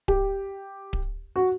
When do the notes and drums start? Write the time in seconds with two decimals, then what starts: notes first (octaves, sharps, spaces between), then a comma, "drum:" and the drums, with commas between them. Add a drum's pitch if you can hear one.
0.08 G4, drum: kick D1
0.93 drum: kick D1
1.36 F#4